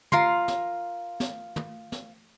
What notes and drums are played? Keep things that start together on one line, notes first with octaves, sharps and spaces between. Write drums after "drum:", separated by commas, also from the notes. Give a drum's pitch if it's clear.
F4 A#4 C6, drum: tom
drum: snare
drum: snare
drum: tom
drum: snare